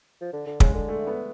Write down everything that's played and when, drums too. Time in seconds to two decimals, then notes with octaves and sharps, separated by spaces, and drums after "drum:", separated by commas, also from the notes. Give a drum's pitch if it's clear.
0.21 F3
0.33 D3
0.47 D3
0.60 C#3 G#3, drum: kick
0.74 D3
0.89 A3
1.07 B3